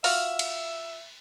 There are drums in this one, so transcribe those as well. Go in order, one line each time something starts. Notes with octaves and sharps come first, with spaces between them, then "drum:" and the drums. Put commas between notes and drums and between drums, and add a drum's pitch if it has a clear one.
F4 F#4 E5 F5, drum: open hi-hat
drum: cymbal